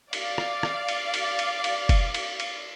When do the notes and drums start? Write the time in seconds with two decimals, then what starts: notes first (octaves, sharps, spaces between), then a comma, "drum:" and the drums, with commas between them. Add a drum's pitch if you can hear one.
0.13 D5 F5, drum: cymbal
0.38 drum: rim click
0.63 drum: rim click
0.88 drum: cymbal
1.14 drum: cymbal
1.39 drum: cymbal
1.64 drum: cymbal
1.89 drum: kick, cymbal
2.14 drum: cymbal
2.40 drum: cymbal